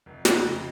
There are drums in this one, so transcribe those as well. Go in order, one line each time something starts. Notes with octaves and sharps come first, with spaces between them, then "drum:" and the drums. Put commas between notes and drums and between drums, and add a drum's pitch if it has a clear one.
F1
F2 C#3, drum: snare
F1